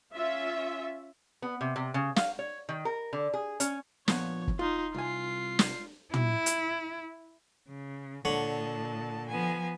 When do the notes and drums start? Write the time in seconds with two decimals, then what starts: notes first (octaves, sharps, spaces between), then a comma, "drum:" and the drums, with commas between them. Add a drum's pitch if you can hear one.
0.15 C#4 F4 E5
1.42 B3
1.61 C3
1.76 C3
1.94 C#3
2.16 F5, drum: snare
2.39 C#5
2.69 D#3
2.85 A#4
3.13 D3
3.34 G#4
3.60 C#4, drum: hi-hat
4.08 A#2 F3 B3 C#5, drum: snare
4.48 drum: kick
4.59 D#4 F4 C6
4.94 C2 F4 G#5 C7
5.59 drum: snare
6.14 E4, drum: tom
6.46 drum: hi-hat
7.67 C#3
8.25 A#2 D3 C#5 F#5 A5
9.29 F3 B3 G#5